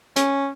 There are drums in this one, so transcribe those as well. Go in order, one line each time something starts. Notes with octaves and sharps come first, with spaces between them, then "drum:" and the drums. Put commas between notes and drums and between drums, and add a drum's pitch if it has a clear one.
C#4, drum: hi-hat